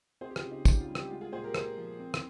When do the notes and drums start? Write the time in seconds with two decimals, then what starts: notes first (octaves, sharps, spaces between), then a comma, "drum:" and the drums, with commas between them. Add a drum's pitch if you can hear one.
0.21 C4 G#4 C5
0.31 G4
0.36 F4 G#4, drum: rim click
0.43 C#3
0.50 D#4 G4
0.65 C#3 D#4 G4, drum: kick, tambourine
0.80 F4
0.88 G3
0.95 D#4 G4, drum: rim click
1.10 G#3 F4
1.21 F4 G#4
1.32 A#2 G#4 C5
1.44 G4 A#4
1.55 A#2 G#4 C5, drum: rim click
1.77 F3
1.99 C4
2.14 drum: rim click